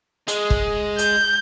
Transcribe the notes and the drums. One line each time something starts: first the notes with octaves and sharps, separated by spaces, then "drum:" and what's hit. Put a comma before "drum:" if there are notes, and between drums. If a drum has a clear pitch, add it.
G#3, drum: hi-hat
drum: kick
G6, drum: hi-hat